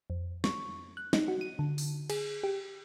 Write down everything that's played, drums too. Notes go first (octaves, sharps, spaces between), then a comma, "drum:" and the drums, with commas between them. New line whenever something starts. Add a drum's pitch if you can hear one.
F2
C#6, drum: snare
F#6
D#4, drum: snare
F#4
D#7
D3
drum: open hi-hat
G#4, drum: cymbal
G4